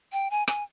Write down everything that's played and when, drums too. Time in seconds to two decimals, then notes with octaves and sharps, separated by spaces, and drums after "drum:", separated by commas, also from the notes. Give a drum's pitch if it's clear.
0.13 G5
0.31 G#5
0.48 G#5, drum: rim click